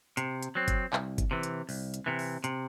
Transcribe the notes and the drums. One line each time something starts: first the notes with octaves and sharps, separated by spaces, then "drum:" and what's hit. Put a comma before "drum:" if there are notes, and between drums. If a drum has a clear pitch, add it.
C3, drum: hi-hat
drum: hi-hat
F#3 C4
drum: kick G1, hi-hat
C2, drum: clap
drum: kick G1, hi-hat
C3 E3
drum: hi-hat
C2, drum: open hi-hat
drum: hi-hat
C3 E3
drum: open hi-hat
C3, drum: hi-hat